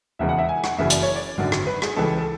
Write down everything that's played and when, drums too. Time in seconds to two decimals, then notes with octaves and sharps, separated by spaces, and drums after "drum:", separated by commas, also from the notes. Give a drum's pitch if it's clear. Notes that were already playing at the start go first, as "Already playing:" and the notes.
0.19 E1 E2 C#3 E3 E5
0.29 F#5
0.39 E5
0.49 G#5
0.64 F#5, drum: rim click
0.78 F#1 F#2 C#3 E3 E5
0.90 D5, drum: hi-hat
1.03 C#5
1.16 D5
1.37 G#1 F#2 D3
1.52 drum: rim click
1.67 B4
1.82 G#4, drum: rim click
1.96 C#2 C#3 E3 A4
2.18 A4